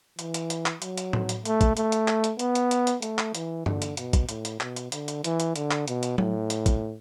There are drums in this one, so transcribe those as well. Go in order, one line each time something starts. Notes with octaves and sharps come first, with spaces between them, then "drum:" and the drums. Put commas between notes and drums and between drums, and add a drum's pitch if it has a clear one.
E3, drum: hi-hat
drum: hi-hat
drum: hi-hat
drum: clap
F#3, drum: hi-hat
drum: hi-hat
drum: tom A2
drum: hi-hat
A3, drum: hi-hat
drum: kick, hi-hat
A3, drum: hi-hat
drum: hi-hat
drum: clap
drum: hi-hat
B3, drum: hi-hat
drum: hi-hat
drum: hi-hat
drum: hi-hat
A3, drum: hi-hat
drum: clap
E3, drum: hi-hat
D3, drum: tom G2
drum: hi-hat
B2, drum: hi-hat
drum: kick, hi-hat
A2, drum: hi-hat
drum: hi-hat
B2, drum: clap
drum: hi-hat
D3, drum: hi-hat
drum: hi-hat
E3, drum: hi-hat
drum: hi-hat
D3, drum: hi-hat
drum: clap
B2, drum: hi-hat
drum: hi-hat
A2, drum: tom F#3
drum: hi-hat
drum: kick, hi-hat